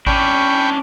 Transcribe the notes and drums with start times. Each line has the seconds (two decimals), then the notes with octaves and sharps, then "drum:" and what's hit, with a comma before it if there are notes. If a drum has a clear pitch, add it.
0.07 C#4 D4 G5 B5 C#6, drum: kick G#1